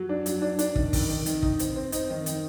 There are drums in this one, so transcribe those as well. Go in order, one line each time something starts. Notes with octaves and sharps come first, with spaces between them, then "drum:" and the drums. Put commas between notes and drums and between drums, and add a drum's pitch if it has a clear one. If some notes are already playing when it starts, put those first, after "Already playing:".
Already playing: F#3
D4
F#3, drum: hi-hat
D4
D4, drum: hi-hat
D#3, drum: kick
D#3, drum: kick, open hi-hat
D#3
D#3, drum: hi-hat
D#4, drum: kick
C4, drum: hi-hat
C4
D#4, drum: hi-hat
D#3
D#3, drum: hi-hat